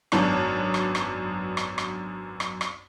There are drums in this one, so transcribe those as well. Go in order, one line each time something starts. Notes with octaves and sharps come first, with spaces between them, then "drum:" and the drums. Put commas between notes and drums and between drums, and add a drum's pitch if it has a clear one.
G#1 F#2 F#3 B3 D4 C#5, drum: rim click
drum: rim click
drum: rim click
drum: rim click
drum: rim click
drum: rim click
drum: rim click